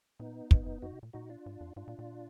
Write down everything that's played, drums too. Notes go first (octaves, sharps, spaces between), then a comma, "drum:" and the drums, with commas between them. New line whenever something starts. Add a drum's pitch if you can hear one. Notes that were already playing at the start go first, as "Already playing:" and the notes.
A#2 B3 D#4
G#2, drum: kick
F#2
F#2 D#4 F#4
B2
A#2
A#2 D#4 F#4
D4 F4
G#2
F2
G#2 D4 F4
A#2
A#2